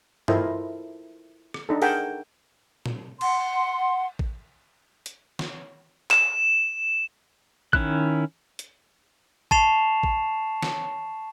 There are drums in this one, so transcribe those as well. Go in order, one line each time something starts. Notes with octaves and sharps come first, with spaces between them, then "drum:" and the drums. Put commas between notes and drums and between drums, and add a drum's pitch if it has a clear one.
E4 F4 A4 A#4 C5 D#5, drum: tom G2
drum: rim click
D4 D#4 A4
G#4 A#4 F#5 G5 A5, drum: open hi-hat
drum: tom
F#5 C6, drum: cymbal
drum: kick A1
drum: hi-hat
drum: snare
E7, drum: clap
D#3 C#4 E4 F#6, drum: kick A1
drum: hi-hat
A5 C#6 A6 C7 E7 F7, drum: kick A1
drum: kick A1
drum: snare